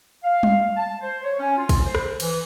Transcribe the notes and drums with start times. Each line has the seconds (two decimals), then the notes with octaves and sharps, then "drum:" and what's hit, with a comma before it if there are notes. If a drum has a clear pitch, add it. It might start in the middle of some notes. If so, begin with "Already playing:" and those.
0.24 F5
0.43 drum: tom G3
0.77 A5
1.01 C5
1.24 C#5
1.39 C#4
1.57 F4
1.69 drum: kick, cymbal
1.85 C5
1.95 drum: rim click
2.20 E3, drum: cymbal